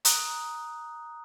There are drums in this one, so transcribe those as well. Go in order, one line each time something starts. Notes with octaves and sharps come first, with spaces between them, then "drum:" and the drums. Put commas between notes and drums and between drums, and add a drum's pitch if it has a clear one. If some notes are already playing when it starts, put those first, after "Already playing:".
A#5 D#6 F#6, drum: hi-hat